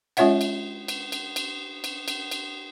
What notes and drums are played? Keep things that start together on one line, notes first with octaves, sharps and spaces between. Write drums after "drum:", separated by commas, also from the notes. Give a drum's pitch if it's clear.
G#3 C#4 F4 C#5 E5 F#5, drum: cymbal
drum: cymbal
drum: cymbal
drum: cymbal
drum: cymbal
drum: cymbal
drum: cymbal
drum: cymbal